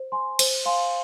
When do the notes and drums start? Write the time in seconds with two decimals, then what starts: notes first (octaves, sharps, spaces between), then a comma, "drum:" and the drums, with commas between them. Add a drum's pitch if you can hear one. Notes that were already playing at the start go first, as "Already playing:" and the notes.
Already playing: C5
0.12 G#5 C6
0.39 C5, drum: cymbal
0.65 F5 G#5 C6